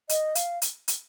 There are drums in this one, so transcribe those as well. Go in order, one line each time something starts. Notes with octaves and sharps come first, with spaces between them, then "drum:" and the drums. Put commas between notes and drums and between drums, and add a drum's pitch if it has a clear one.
D#5, drum: hi-hat
F5, drum: hi-hat
drum: hi-hat
drum: hi-hat